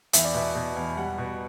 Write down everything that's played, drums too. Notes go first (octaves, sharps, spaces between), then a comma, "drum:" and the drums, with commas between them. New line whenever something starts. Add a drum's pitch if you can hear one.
E2 E5, drum: hi-hat
D5
B2 E5
B2
E2
G3 F#5
B2